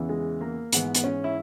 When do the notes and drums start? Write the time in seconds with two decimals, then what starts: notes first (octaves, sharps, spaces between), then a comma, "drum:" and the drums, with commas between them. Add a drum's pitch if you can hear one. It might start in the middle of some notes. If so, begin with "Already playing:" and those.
Already playing: E2 C#3 E3
0.09 G#3
0.41 A#3
0.72 G#2 E3 B3, drum: hi-hat
0.95 B3, drum: hi-hat
1.04 C#4
1.24 E4